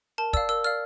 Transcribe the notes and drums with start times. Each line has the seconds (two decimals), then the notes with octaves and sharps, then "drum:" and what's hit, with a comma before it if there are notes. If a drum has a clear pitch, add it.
0.18 A#4 A5
0.33 D5 F5 E6, drum: kick
0.49 A#4 E6
0.64 D5 F5 F6